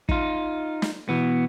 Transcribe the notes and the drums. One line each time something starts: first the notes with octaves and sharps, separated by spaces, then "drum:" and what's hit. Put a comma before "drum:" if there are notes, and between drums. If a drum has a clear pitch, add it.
D#4 F4, drum: kick
drum: snare
B2 E3 B3